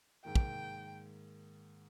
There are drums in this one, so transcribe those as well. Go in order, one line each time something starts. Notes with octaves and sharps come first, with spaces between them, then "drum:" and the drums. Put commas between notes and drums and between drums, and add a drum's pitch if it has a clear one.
G#2 D#3 A#3 G5
drum: kick